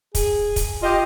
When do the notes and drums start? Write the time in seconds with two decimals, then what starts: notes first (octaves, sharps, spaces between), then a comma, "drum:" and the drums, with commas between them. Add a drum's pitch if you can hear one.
0.15 G#4, drum: kick, hi-hat
0.56 drum: kick, hi-hat
0.83 F4 G4 D#5